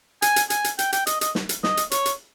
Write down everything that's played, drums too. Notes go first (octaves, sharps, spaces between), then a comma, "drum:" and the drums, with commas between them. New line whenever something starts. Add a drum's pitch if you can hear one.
G#5, drum: hi-hat
drum: hi-hat
G#5, drum: hi-hat
drum: hi-hat
G5, drum: hi-hat
G5, drum: hi-hat
D#5, drum: hi-hat
D#5, drum: hi-hat
drum: snare
drum: hi-hat
D#5, drum: snare
drum: hi-hat
C#5, drum: hi-hat
drum: hi-hat